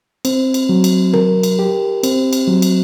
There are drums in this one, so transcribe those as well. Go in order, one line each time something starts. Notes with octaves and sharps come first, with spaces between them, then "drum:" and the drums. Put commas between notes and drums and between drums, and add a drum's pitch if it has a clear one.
C4, drum: cymbal
drum: cymbal
F#3
drum: cymbal
A#4, drum: tom
drum: cymbal
G4
C4, drum: cymbal
drum: cymbal
F#3
drum: cymbal